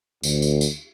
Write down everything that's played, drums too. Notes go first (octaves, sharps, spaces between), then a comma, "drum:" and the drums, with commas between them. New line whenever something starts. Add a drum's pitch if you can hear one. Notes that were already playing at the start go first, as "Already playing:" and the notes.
D2, drum: tambourine
drum: tambourine
drum: tambourine